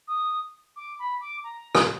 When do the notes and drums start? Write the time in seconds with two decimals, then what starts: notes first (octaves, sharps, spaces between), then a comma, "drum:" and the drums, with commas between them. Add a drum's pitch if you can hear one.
0.07 D#6
0.76 D6
0.99 B5
1.21 D6
1.44 A#5
1.75 drum: rim click